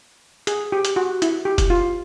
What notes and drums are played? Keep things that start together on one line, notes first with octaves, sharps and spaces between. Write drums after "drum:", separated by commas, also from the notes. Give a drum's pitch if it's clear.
G#4, drum: hi-hat
G4
drum: hi-hat
F#4
E4, drum: hi-hat
G4
drum: kick F1, hi-hat
F4